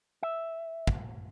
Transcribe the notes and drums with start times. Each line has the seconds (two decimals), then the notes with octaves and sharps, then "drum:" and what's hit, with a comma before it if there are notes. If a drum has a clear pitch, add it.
0.23 E5
0.87 drum: kick